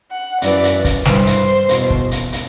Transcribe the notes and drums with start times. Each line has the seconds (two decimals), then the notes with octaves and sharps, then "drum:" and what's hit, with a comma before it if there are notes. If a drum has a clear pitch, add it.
0.11 F#5
0.42 F#2 E3 D5, drum: hi-hat
0.63 drum: hi-hat
0.85 drum: kick, hi-hat
1.05 G2 E3 C5, drum: snare
1.27 drum: hi-hat
1.69 E2 B2, drum: hi-hat
1.90 drum: kick
2.11 drum: hi-hat
2.32 drum: hi-hat